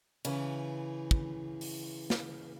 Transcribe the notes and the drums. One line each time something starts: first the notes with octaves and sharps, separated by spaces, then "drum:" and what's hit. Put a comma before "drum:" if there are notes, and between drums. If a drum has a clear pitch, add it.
C#3 E3, drum: cymbal
drum: kick
drum: open hi-hat
drum: snare